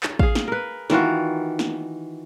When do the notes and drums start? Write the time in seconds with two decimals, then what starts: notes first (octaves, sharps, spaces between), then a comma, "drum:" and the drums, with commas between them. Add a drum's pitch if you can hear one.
0.03 drum: clap
0.19 G#4 F5, drum: kick A1
0.35 drum: snare
0.48 A#4 B4
0.90 D#3 E3 F4 F#4, drum: snare
1.59 drum: snare